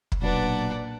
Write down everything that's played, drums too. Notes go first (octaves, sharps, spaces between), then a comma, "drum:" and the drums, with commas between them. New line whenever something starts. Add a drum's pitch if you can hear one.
drum: kick
B1 A#2 F#3 D4 B4 D5 F#5